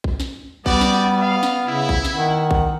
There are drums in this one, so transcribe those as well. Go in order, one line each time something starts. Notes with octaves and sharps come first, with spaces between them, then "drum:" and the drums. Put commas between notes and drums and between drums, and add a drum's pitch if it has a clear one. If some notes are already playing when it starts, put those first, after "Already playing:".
drum: kick A#1
drum: snare
G3 B3 F#4 G4 D5, drum: kick A#1
drum: snare
F5
drum: snare
C#3 E4
drum: kick A#1
drum: snare
D#3 F#5
drum: kick A#1